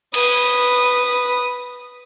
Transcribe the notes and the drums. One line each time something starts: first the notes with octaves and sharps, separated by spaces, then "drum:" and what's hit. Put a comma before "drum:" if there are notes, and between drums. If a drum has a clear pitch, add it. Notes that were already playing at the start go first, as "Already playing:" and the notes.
B4 D#6, drum: cymbal
drum: hi-hat